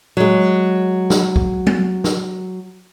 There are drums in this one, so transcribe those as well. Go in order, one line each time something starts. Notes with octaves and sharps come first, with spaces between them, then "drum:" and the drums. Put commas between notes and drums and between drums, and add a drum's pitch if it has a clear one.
F#3 G#3
drum: snare
drum: kick
drum: tom F#3
drum: snare